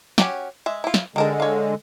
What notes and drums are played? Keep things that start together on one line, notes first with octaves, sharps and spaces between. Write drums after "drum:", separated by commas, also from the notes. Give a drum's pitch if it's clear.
C#4 F#4 G4, drum: snare
G#3 E5
E4 F4
drum: snare
D3 D#3 G#3 A#4 A5
C#5 F5